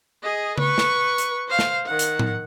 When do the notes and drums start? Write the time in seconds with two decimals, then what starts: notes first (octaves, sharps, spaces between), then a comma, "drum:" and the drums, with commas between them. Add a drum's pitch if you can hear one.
0.23 G#4 D#5
0.58 B4 C#6, drum: tom C#3
0.78 drum: snare
1.18 drum: hi-hat
1.48 C5 F5
1.59 drum: snare
1.86 D#3 F#5
1.99 drum: hi-hat
2.19 drum: tom A2